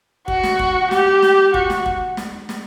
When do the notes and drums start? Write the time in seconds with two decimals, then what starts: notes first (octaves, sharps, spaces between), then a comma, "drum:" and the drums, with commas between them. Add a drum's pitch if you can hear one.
0.28 F#4, drum: kick
0.43 drum: snare
0.59 drum: kick
0.91 G4, drum: snare
1.22 drum: snare
1.54 F#4, drum: kick
1.70 drum: snare
1.86 drum: kick
2.17 drum: snare
2.49 drum: snare